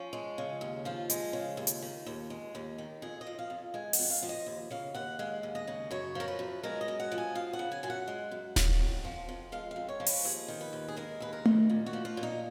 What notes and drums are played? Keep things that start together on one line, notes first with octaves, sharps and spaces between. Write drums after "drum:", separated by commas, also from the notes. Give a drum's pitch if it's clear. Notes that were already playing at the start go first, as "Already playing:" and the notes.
Already playing: F3 C#4
G#3
C#3
D#2
F3 F4
G#3, drum: hi-hat
C#3
D#2
drum: hi-hat
D#3
D#2
G#3
D#2
D#3
F2 G#4
D#5
F3
F5
F2
G#3 G#5
F#5, drum: open hi-hat
F2
F5
F3
D#5
D#2
C#3 F5
D#2 F#5
G#3 F5
D#2
D#5
C#3
F#2 C#5
F3 A#4
B4
F#2
G#3 A#4
D#5
F#2
F#5
F3
G#5
F#2 F5
F#5
C#3
G#5
F#2 G#5
F#5
G#3
F#2
C#3, drum: snare D#1
F2
F3
F2
G#3 F5
F2 F5
C#5
F3
B4, drum: open hi-hat
D#2 G#4
D#3
B4
D#2
G#4
G#3 A#4
D#2 B4
A#4
D#3, drum: tom A3
A#2
F#4
F3
F4
A#2
D#4